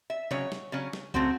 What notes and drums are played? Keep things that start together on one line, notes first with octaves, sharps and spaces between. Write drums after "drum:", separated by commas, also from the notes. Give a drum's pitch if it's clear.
E5
C#3 F#3 C#4 C#5, drum: tom C3
drum: snare
C#3 F#3 C#4
drum: snare
C#3 F#3 A3 C4 F#4, drum: kick